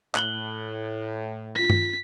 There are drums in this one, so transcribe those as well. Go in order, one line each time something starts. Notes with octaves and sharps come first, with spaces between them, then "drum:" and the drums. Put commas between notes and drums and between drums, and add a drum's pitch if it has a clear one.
A2 F#6 F#7 G7, drum: clap
F4 A#6 B6
drum: tom G2